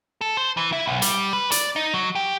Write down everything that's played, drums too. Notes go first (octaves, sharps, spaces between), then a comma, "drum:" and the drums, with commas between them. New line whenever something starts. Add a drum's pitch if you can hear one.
A4
C5
E3
E4
B1
G3, drum: hi-hat
B4
D5, drum: hi-hat
D#4
F#3
G4